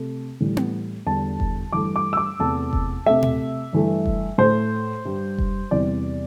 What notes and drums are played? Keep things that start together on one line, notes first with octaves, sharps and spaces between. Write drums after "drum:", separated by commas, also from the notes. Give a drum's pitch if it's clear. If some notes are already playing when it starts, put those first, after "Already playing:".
Already playing: C3 A3
A2 E3 G3
drum: tom B3
E2 D3 G3 A5
drum: kick F1
G2 E3 A3 D6
D6
E6
D6
E2 C3 A3 A5
drum: kick F1
C3 A3 E5
drum: tom A#2
G2 E3 A3
drum: kick F1
A2 A3 C5
G2 G3
drum: kick F1
E2 C3 E3 G3 D5